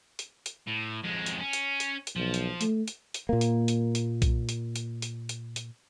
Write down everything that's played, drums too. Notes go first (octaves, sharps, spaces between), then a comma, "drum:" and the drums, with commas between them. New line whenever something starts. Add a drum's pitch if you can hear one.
drum: hi-hat
drum: hi-hat
A2
F2 G#3
drum: hi-hat
C#4
drum: hi-hat
drum: hi-hat
drum: hi-hat
B1 F3
drum: hi-hat
A3, drum: hi-hat
drum: hi-hat
drum: hi-hat
A#2 A#3
drum: hi-hat
drum: hi-hat
drum: hi-hat
drum: kick B1, hi-hat
drum: hi-hat
drum: hi-hat
drum: hi-hat
drum: hi-hat
drum: hi-hat